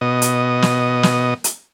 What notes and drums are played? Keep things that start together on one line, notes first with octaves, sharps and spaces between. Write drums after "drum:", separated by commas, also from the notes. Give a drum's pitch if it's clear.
B2 D#5
drum: hi-hat
drum: snare
drum: snare
drum: hi-hat